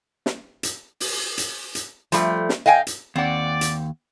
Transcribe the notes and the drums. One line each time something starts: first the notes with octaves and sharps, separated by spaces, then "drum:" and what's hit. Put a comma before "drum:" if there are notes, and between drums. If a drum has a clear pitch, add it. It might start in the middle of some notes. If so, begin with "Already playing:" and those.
drum: snare
drum: hi-hat
drum: open hi-hat
drum: hi-hat
drum: hi-hat
F3 G3 A3, drum: hi-hat
drum: snare
D#5 F5 G5 G#5
drum: hi-hat
D#2 C4 D5 F#5
drum: hi-hat